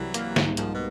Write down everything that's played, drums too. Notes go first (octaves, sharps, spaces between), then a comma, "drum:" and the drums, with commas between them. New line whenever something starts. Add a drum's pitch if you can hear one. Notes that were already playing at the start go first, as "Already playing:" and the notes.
Already playing: C2 E3 F#3 G3
A#3, drum: hi-hat
G#2, drum: snare
G#2 D#3 F3, drum: hi-hat
B2